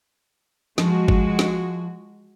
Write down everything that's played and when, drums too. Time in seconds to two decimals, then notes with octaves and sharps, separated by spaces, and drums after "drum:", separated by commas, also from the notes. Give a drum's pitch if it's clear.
0.78 F3 G#3 F#4, drum: snare
1.08 drum: kick G1
1.39 drum: snare